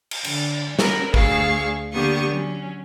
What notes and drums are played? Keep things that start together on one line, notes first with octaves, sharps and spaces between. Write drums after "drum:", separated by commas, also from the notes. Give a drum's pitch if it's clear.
drum: cymbal
D3, drum: cymbal
C#4 A#4 B4, drum: snare
D2 G#4 F5 C#6 E6, drum: kick
D3 A#3 B3 G4 C#6 D#6
F#3 C#4